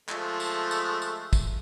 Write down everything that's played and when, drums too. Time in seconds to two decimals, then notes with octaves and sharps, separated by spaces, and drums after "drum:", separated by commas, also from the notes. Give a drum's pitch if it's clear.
0.09 F3 G#3 A3, drum: clap
0.40 drum: tambourine
0.71 drum: tambourine
1.02 drum: tambourine
1.33 drum: kick, tambourine